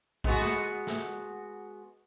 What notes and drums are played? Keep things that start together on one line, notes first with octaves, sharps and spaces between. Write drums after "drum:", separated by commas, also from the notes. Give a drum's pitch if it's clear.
G#3 B3 F#4, drum: kick A#1
drum: snare
drum: snare